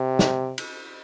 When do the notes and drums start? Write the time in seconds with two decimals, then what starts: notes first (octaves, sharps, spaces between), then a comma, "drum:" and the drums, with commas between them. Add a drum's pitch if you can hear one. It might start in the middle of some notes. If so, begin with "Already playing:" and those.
Already playing: C3
0.19 drum: snare
0.58 drum: cymbal